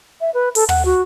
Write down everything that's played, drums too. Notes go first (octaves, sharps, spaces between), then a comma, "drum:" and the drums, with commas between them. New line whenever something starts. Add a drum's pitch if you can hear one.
E5
B4
A4, drum: open hi-hat
F#5, drum: tom
F#4